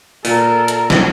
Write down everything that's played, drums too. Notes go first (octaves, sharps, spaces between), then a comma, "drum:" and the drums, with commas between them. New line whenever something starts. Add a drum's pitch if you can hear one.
A#2 A4 A#4, drum: open hi-hat
drum: hi-hat
drum: snare